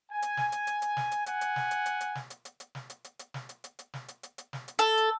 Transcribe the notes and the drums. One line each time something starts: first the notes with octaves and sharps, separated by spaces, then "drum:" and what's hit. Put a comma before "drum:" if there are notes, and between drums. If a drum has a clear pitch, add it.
G#5
drum: hi-hat
drum: snare
drum: hi-hat
drum: hi-hat
drum: hi-hat
drum: snare
drum: hi-hat
F#5 G#5, drum: hi-hat
drum: hi-hat
drum: snare
drum: hi-hat
drum: hi-hat
drum: hi-hat
drum: snare
drum: hi-hat
drum: hi-hat
drum: hi-hat
drum: snare
drum: hi-hat
drum: hi-hat
drum: hi-hat
drum: snare
drum: hi-hat
drum: hi-hat
drum: hi-hat
drum: snare
drum: hi-hat
drum: hi-hat
drum: hi-hat
drum: snare
drum: hi-hat
A4
drum: hi-hat